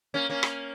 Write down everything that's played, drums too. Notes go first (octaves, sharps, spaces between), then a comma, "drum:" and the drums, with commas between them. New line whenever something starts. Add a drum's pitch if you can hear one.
A#3 C#4
A#3 C#4
drum: rim click